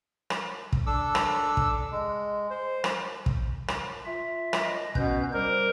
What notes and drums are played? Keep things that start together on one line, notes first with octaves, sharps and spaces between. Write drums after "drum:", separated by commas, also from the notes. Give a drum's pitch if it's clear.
drum: rim click
drum: kick
D4 A4 D6 E6
drum: rim click
drum: kick
G#3
C5
drum: rim click
drum: kick
drum: rim click
F4 E5
drum: rim click
D#5
B2 C#4 B4 G6, drum: kick
G3 A#4 C5